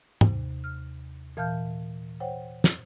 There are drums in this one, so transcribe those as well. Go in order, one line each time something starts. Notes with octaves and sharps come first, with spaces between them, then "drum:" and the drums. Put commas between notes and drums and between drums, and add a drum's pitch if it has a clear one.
D#2 C3, drum: tom
F6
A#2 E3 F5 A5 F6 G6
C5 C#5 F#5 G5
drum: snare